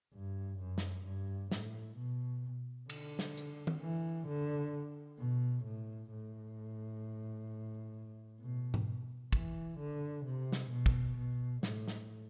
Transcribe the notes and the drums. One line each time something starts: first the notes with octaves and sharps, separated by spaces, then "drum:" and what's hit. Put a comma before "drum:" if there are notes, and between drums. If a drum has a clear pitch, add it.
G2
F#2
drum: snare
G2
A2, drum: snare
B2
D3, drum: cymbal
drum: snare
drum: hi-hat
drum: tom D#3
E3
D3
B2
A2
A2
B2
drum: tom G#2
E3, drum: kick
D3
C3
drum: snare
B2
drum: kick
B2
A2, drum: snare
drum: snare